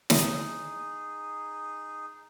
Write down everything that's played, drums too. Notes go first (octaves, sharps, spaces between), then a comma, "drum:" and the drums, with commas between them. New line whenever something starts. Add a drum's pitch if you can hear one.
D#4 G#4, drum: snare